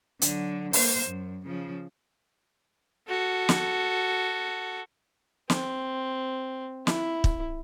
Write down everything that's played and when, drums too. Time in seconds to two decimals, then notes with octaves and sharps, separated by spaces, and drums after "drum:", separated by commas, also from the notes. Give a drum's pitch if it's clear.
0.22 D3 F#3, drum: hi-hat
0.73 A#3 C5, drum: open hi-hat
1.07 F#2
1.46 C#3 F3
3.08 F#4 A4
3.49 drum: snare
5.50 C4, drum: snare
6.87 E4, drum: snare
7.24 drum: kick